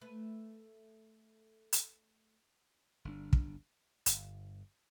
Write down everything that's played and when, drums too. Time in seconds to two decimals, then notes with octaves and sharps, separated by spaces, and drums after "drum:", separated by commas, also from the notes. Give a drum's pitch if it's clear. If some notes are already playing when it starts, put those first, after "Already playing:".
0.01 A3 B4
1.72 drum: hi-hat
3.05 G1 A#2 D4
3.33 drum: kick
4.06 G1, drum: hi-hat